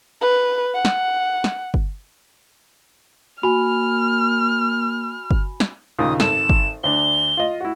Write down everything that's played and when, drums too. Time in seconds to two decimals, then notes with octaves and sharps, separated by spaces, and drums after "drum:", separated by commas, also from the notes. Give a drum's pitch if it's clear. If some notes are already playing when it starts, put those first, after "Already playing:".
0.21 B4
0.75 F#5
0.85 drum: snare
1.44 drum: snare
1.74 drum: kick G1
3.43 A#3 F#4 G#5 B5 F6
5.31 drum: kick G1
5.60 drum: snare
5.99 D#2 A#2 C#3 D#6
6.20 G#1 A4 E7, drum: snare
6.49 drum: kick G1
6.83 D2 D4 G7
7.37 F4 D#5
7.61 E4 F#4